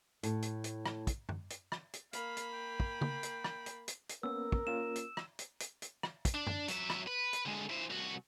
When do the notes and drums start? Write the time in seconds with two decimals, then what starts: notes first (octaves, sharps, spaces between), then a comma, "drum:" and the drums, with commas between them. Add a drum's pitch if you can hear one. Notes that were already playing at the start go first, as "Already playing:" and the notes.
0.23 A2, drum: hi-hat
0.42 drum: hi-hat
0.64 drum: hi-hat
0.86 drum: rim click
1.07 drum: kick, hi-hat
1.29 drum: tom F#2
1.50 drum: hi-hat
1.72 drum: rim click
1.93 drum: hi-hat
2.13 A#3 F5 B5, drum: hi-hat
2.37 drum: hi-hat
2.53 G5
2.80 drum: kick
3.01 drum: tom
3.23 drum: hi-hat
3.44 drum: rim click
3.66 drum: hi-hat
3.88 drum: hi-hat
4.09 drum: hi-hat
4.23 A#3 B3 C#4 A#4 E6
4.52 drum: kick
4.67 A#3 C#4 F4 E7
4.96 drum: hi-hat
5.17 drum: rim click
5.39 drum: hi-hat
5.60 drum: hi-hat
5.82 drum: hi-hat
6.03 drum: rim click
6.25 drum: kick, hi-hat
6.34 D4
6.47 drum: tom F#2
6.68 F#3 E5, drum: hi-hat
6.90 drum: rim click
7.07 B4
7.33 drum: hi-hat
7.46 D3 G#3
7.70 E3 C5
7.90 C2 F#4